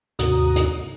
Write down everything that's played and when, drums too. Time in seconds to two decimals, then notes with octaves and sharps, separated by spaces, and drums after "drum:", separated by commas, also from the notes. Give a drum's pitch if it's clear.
0.19 D#2 G#2 C3 F#4 A#5 D#6, drum: hi-hat
0.56 drum: hi-hat